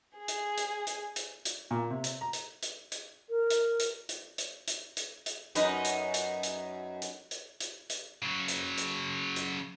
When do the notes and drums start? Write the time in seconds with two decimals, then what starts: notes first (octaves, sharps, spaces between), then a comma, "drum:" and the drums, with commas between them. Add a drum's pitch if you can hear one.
0.18 G#4
0.28 drum: hi-hat
0.57 drum: hi-hat
0.87 drum: hi-hat
1.16 drum: hi-hat
1.45 drum: hi-hat
1.71 A#2
1.90 C3
2.04 drum: hi-hat
2.21 A#5
2.33 drum: hi-hat
2.62 drum: hi-hat
2.92 drum: hi-hat
3.30 A#4
3.50 drum: hi-hat
3.79 drum: hi-hat
4.09 drum: hi-hat
4.38 drum: hi-hat
4.67 drum: hi-hat
4.97 drum: hi-hat
5.26 drum: hi-hat
5.55 F#2 D#4 B4, drum: hi-hat
5.84 drum: hi-hat
6.14 drum: hi-hat
6.43 drum: hi-hat
7.02 drum: hi-hat
7.31 drum: hi-hat
7.60 drum: hi-hat
7.89 drum: hi-hat
8.22 C#3 F#3
8.48 drum: hi-hat
8.77 drum: hi-hat
9.36 drum: hi-hat